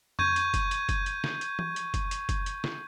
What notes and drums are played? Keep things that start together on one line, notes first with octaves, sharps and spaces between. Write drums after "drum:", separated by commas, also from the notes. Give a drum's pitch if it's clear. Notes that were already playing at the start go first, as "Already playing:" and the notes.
C#6 G6 G#6 D#7, drum: tom F2
drum: hi-hat
drum: kick F#1, hi-hat
drum: hi-hat
drum: kick F#1, hi-hat
drum: hi-hat
drum: snare
drum: hi-hat
drum: tom E3
drum: hi-hat
drum: kick F#1, hi-hat
drum: hi-hat
drum: kick F#1, hi-hat
drum: hi-hat
drum: snare